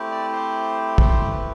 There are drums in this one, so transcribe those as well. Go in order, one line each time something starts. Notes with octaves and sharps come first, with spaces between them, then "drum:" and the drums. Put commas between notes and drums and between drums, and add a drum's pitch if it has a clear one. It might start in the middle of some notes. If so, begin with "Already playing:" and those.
Already playing: A3 C4 E4 G4
D5
C5
C5, drum: kick
B4